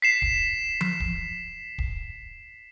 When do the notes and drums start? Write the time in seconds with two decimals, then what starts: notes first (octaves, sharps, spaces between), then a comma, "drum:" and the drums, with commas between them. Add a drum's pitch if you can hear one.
0.02 B6 C7 E7
0.22 drum: kick
0.81 drum: tom F3
1.00 drum: kick
1.78 drum: kick